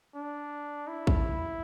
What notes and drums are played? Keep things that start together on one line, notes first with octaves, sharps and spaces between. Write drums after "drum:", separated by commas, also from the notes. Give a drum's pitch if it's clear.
D4
E4
drum: kick